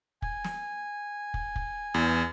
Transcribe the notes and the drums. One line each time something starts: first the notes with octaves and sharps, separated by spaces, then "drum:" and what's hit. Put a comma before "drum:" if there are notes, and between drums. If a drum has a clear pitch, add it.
G#5, drum: kick
drum: snare
drum: kick
drum: kick
E2